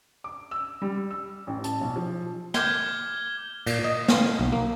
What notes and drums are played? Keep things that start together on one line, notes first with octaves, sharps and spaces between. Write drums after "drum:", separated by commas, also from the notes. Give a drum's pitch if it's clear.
D6
E6
G3
E6
A1
A5, drum: hi-hat
B1
F3
D6 F6 G6 G#6 G7, drum: snare
A#2, drum: cymbal
D#5
F5, drum: snare
B1
A#3